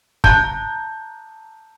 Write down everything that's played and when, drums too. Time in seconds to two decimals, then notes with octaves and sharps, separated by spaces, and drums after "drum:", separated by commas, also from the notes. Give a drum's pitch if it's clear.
0.24 A5 A#5 F#6 G6, drum: kick